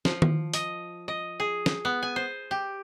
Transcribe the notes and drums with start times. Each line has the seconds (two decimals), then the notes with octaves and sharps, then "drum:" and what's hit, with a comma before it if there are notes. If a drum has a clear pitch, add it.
0.05 F3, drum: snare
0.22 drum: tom D#3
0.54 D#5, drum: hi-hat
1.08 D#5
1.40 G#4
1.66 drum: snare
1.85 B3
2.03 G#5
2.16 C5
2.51 G4